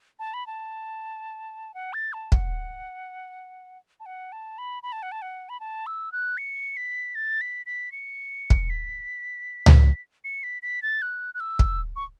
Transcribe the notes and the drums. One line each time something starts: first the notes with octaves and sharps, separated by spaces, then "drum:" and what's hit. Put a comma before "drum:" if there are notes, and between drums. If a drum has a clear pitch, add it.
A5
B5
A5
F#5
A6
A5
F#5, drum: kick
A5
F#5
A5
B5
B5
A5
F#5
A5
F#5
B5
A5
E6
F#6
C#7
B6
A6
B6
B6
C#7
drum: kick
B6
drum: tom C#2
C#7
B6
B6
A6
F#6
F#6
E6
drum: kick
C#6